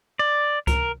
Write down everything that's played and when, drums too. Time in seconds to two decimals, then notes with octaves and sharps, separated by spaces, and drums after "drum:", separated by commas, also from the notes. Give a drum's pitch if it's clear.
0.19 D5
0.67 A#4, drum: kick C#2, hi-hat